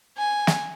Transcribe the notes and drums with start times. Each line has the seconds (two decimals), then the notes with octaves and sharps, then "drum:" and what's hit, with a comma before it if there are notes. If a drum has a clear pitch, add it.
0.18 G#5
0.47 drum: snare